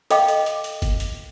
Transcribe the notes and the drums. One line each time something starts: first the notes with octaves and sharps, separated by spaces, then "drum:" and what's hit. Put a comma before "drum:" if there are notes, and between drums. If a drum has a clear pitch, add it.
A4 D#5 F5 G5 D6, drum: hi-hat
drum: hi-hat
drum: hi-hat
drum: hi-hat
drum: kick F#1, hi-hat
drum: hi-hat